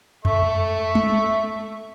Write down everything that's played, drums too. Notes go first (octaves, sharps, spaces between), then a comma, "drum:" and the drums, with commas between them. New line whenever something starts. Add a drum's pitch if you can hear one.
A4 E5 C#6, drum: tom F2
drum: tom G#3